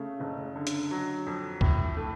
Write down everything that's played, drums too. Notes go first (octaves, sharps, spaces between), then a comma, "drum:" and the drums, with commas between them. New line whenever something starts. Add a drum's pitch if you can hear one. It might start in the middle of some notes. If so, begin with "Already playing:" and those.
Already playing: C#3 A3
F#1
D3
drum: hi-hat
F#3
F2
A2, drum: kick
A3